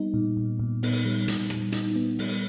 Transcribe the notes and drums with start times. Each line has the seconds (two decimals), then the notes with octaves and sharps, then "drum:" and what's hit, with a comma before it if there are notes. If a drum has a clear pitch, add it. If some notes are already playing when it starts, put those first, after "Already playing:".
Already playing: G3 B3 D#4
0.14 A#2
0.37 A#2
0.59 A#2
0.83 B3, drum: open hi-hat
1.05 G3
1.28 A#2, drum: hi-hat
1.50 G3, drum: rim click
1.72 D#4, drum: hi-hat
1.96 B3
2.19 G3, drum: open hi-hat